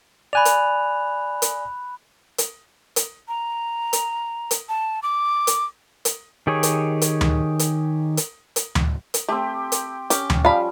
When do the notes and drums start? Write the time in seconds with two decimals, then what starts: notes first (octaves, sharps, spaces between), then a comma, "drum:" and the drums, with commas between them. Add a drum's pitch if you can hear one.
0.33 D5 G#5 B5 F#6 F7
0.45 drum: hi-hat
1.42 drum: hi-hat
2.38 drum: hi-hat
2.96 drum: hi-hat
3.28 A#5
3.93 drum: hi-hat
4.51 drum: hi-hat
4.69 A5
5.03 D6
5.47 drum: hi-hat
6.05 drum: hi-hat
6.47 D#3 G4 G#4 C#5
6.63 drum: hi-hat
7.02 drum: hi-hat
7.21 drum: tom D2
7.59 drum: hi-hat
8.17 drum: hi-hat
8.56 drum: hi-hat
8.75 drum: tom D2
9.14 drum: hi-hat
9.29 A3 C4 G4
9.72 drum: hi-hat
10.10 C#4 G4, drum: hi-hat
10.30 drum: tom D2
10.45 F3 G3 F5 B5